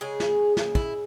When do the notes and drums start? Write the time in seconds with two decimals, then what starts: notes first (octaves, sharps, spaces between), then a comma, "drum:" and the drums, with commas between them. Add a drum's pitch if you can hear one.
0.01 C#3 G#3 G#4
0.20 drum: snare
0.57 drum: snare
0.75 E4, drum: kick